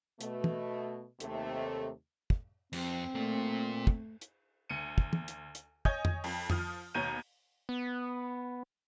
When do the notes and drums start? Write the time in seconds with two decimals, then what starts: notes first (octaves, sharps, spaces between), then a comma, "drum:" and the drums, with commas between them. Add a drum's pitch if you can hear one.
0.21 B2 A3, drum: hi-hat
0.44 drum: tom
1.20 D#2 C3 A3, drum: hi-hat
2.30 drum: kick
2.73 F2 C4, drum: cymbal
3.15 A#2 A3 A#3
3.87 drum: kick
4.21 drum: hi-hat
4.69 D2 C#7 D#7
4.98 drum: kick
5.13 drum: tom
5.28 drum: hi-hat
5.55 drum: hi-hat
5.85 C#5 D#5 G#5 D#6 G6, drum: kick
6.05 drum: tom F2
6.24 F2, drum: open hi-hat
6.50 F3 D#6 F6, drum: tom F2
6.94 D#2 B2 C#5 A#5 G6 D#7
7.69 B3